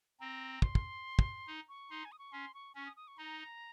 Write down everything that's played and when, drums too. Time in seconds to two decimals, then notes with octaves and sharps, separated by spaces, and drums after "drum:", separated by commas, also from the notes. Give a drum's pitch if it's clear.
0.20 C4 A#5
0.62 C6, drum: kick
0.75 drum: kick
1.19 drum: kick
1.47 D#4
1.69 C#6
1.90 D#4 C6
2.05 G#5
2.12 D#6
2.19 C#6
2.33 C#4 C6
2.54 C#6
2.75 C#4 C#6
2.86 D#6
2.97 D#6
3.08 C#6
3.18 D#4 A#5